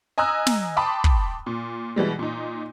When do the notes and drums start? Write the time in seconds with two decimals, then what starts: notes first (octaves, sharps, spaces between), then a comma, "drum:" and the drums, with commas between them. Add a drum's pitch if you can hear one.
0.18 D#5 G#5 A#5 D#6 E6 F#6
0.47 drum: snare
0.76 G5 A5 B5 C6 D6 D#6
1.04 drum: kick
1.46 A#2
1.96 B2 E3 G3 G#3
2.19 A#2 D#4